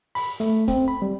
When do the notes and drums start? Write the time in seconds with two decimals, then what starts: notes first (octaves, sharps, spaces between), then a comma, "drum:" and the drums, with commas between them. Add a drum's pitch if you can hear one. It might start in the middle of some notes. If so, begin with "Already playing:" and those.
0.15 B5, drum: open hi-hat
0.40 A3, drum: hi-hat
0.68 C4, drum: kick C#1, hi-hat
0.88 B5
1.02 G3